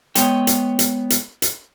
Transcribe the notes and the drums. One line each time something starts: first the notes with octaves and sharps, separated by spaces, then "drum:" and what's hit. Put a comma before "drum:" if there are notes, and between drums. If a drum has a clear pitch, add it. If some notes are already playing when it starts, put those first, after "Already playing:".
G#3 B3 C#5 G5, drum: hi-hat
drum: hi-hat
drum: hi-hat
drum: hi-hat
drum: hi-hat